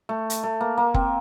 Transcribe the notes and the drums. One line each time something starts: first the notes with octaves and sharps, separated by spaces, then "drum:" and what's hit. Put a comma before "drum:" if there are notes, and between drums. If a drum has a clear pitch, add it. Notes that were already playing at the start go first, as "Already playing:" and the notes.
A3
drum: hi-hat
A3
A#3
A#3
C4, drum: kick